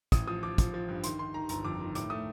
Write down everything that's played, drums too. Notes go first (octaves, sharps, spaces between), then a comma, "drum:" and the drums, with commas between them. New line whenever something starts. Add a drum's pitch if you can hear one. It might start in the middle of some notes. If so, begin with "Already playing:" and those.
A1 D#6, drum: kick, hi-hat
F3 D#6
F3 D6
F3, drum: kick, hi-hat
F3
G2
D#3 C6, drum: hi-hat
D#3 C6
D#3 A#5
G1 A#5, drum: hi-hat
F2 D6
D#3
A2 D6, drum: hi-hat
A3 D#6